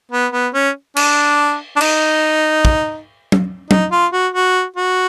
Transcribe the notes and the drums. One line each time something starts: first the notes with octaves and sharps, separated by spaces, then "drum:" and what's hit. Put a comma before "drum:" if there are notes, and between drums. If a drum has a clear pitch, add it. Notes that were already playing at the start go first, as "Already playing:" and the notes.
B3
B3
C#4
D4, drum: cymbal
D4
D#4, drum: cymbal
drum: kick
drum: tom F#3
D#4, drum: tom F#3
F4
F#4
F#4
F#4